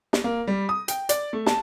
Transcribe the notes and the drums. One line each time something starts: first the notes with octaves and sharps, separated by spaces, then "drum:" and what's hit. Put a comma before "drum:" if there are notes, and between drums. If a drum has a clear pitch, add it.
drum: snare
A#3
G3
D#6
G5, drum: hi-hat
D5, drum: hi-hat
A3
A5, drum: snare